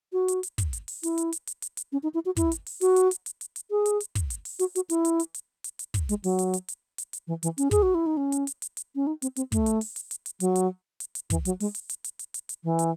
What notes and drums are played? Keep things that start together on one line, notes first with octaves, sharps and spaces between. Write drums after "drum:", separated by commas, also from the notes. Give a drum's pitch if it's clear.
F#4
drum: hi-hat
drum: hi-hat
drum: kick, hi-hat
drum: hi-hat
drum: open hi-hat
E4, drum: hi-hat
drum: hi-hat
drum: hi-hat
drum: hi-hat
drum: hi-hat
drum: hi-hat
C#4
D#4
E4
F#4
E4, drum: kick, hi-hat
drum: hi-hat
drum: open hi-hat
F#4, drum: hi-hat
drum: hi-hat
drum: hi-hat
drum: hi-hat
drum: hi-hat
drum: hi-hat
G#4
drum: hi-hat
drum: hi-hat
drum: kick, hi-hat
drum: hi-hat
drum: open hi-hat
F#4, drum: hi-hat
F#4, drum: hi-hat
E4, drum: hi-hat
drum: hi-hat
drum: hi-hat
drum: hi-hat
drum: hi-hat
drum: hi-hat
drum: kick, hi-hat
G#3, drum: hi-hat
F#3, drum: open hi-hat
drum: hi-hat
drum: hi-hat
drum: hi-hat
drum: hi-hat
drum: hi-hat
E3
E3, drum: hi-hat
C#4, drum: hi-hat
G#4, drum: kick, hi-hat
F#4
E4
D#4
C#4
drum: hi-hat
drum: hi-hat
drum: hi-hat
drum: hi-hat
C#4
D#4
C4, drum: hi-hat
C4, drum: hi-hat
A3, drum: kick, hi-hat
drum: hi-hat
drum: open hi-hat
drum: hi-hat
drum: hi-hat
drum: hi-hat
F#3, drum: hi-hat
drum: hi-hat
drum: hi-hat
drum: hi-hat
E3, drum: kick, hi-hat
F#3, drum: hi-hat
G#3, drum: open hi-hat
drum: hi-hat
drum: hi-hat
drum: hi-hat
drum: hi-hat
drum: hi-hat
drum: hi-hat
E3
drum: hi-hat